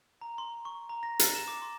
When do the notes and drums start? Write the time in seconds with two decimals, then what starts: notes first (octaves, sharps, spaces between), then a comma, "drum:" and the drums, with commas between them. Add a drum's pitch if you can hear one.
0.21 A#5
0.38 C6
0.65 C#6
0.90 A#5
1.03 A#6
1.19 A6, drum: hi-hat
1.35 E7
1.48 D6
1.62 C6